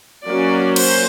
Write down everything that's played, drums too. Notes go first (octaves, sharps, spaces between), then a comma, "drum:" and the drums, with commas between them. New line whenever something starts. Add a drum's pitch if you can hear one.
F#3 A#3 C#4 D5
C5, drum: cymbal